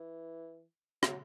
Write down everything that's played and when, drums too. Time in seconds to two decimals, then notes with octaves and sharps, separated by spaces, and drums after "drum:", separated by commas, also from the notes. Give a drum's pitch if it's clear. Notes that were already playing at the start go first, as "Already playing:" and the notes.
Already playing: E3
1.03 F#3, drum: rim click